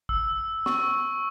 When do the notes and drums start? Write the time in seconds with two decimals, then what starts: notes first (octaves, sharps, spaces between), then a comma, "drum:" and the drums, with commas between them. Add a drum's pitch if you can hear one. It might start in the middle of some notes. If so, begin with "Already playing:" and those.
0.09 E6, drum: kick
0.66 C#6, drum: snare